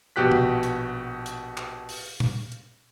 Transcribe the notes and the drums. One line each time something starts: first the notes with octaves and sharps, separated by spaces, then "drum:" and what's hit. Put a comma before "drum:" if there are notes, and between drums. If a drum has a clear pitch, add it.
A#1 B2 F#4 G4 F#6 B6
drum: tom
drum: hi-hat
drum: hi-hat
drum: clap
drum: open hi-hat
drum: tom
drum: hi-hat